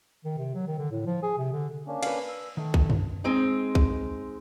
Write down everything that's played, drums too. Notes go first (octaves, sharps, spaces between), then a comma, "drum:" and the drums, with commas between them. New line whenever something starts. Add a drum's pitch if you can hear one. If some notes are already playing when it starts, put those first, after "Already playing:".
D#3
C3
F#3
D#3
D3
A2
F3
G#4
C3
D3
A#3 C#4 D4
B4 F5, drum: cymbal
E6
D#3 A3
drum: kick
drum: tom F#2
G#3 C4 D#4
drum: kick